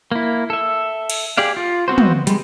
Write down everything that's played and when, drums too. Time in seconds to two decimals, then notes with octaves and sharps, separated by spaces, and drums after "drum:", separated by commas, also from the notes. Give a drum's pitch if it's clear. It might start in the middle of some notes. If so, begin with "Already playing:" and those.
0.12 A#3 E4
0.50 A4 E5
1.10 drum: cymbal
1.37 G4 G#4 D5 F5
1.57 F4
1.88 B3 C4 F#4 C5
1.98 drum: tom
2.27 G3 G#3, drum: hi-hat